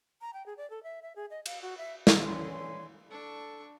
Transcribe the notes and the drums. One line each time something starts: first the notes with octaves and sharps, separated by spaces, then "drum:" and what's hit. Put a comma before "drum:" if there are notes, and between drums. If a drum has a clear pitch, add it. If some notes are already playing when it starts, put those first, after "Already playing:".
A#5
G5
G#4
D5
A4
E5
E5
G#4
D#5
F5, drum: cymbal
F#4
E5
drum: snare
D3 E3 C#4 G#5 C6
D4 A4 C#6